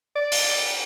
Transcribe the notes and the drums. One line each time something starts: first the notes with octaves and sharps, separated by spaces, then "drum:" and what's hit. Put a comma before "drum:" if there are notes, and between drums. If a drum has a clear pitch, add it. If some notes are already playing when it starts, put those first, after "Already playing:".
D5
drum: open hi-hat